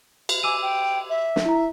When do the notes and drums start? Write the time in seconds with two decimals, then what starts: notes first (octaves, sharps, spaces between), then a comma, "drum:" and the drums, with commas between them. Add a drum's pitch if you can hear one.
0.29 drum: cymbal
0.43 G#5 D6 E6 D#7
0.61 G5
1.09 E5
1.36 drum: snare
1.45 E4 A#5